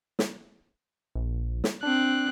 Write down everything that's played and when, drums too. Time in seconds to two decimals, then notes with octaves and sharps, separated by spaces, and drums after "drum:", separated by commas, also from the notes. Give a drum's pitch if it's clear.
0.19 drum: snare
1.15 A#1
1.64 drum: snare
1.83 C4 D4 F#6